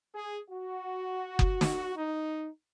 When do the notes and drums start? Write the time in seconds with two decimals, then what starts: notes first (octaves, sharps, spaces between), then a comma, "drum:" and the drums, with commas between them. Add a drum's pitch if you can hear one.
0.15 G#4
0.50 F#4
1.39 drum: kick F#1
1.61 drum: snare
1.96 D#4